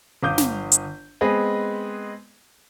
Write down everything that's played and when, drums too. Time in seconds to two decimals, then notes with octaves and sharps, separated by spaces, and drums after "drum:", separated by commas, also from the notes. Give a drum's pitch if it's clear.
0.23 G1 F5 D6 D#6 G6
0.38 drum: snare
0.72 drum: hi-hat
1.21 G#3 B3 C4 G#4 B4 D#5